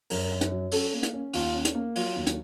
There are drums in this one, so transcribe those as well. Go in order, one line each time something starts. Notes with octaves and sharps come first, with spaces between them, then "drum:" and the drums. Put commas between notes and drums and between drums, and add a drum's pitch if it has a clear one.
F#2 A#4, drum: open hi-hat
F#2
drum: hi-hat
F#3
C#4 A4, drum: open hi-hat
A#3
drum: hi-hat
C#4
D#2 F4, drum: open hi-hat
C#4
drum: hi-hat
A#3
F#3 F4, drum: open hi-hat
D#2
drum: hi-hat